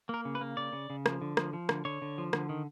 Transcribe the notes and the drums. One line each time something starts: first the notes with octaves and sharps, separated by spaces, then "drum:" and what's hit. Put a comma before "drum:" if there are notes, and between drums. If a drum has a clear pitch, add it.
A#3 A#4
C#3
B4
A#3
C#3 D5
C#3
C#3
F3, drum: rim click
D3
F3, drum: rim click
F3
D3, drum: rim click
D3 C#5
D3
F3
D3, drum: rim click
D#3